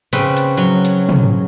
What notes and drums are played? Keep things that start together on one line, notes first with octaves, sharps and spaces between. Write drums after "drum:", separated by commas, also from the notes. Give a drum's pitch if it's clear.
C#3 C4 B4, drum: hi-hat
drum: hi-hat
F#3
drum: hi-hat
drum: tom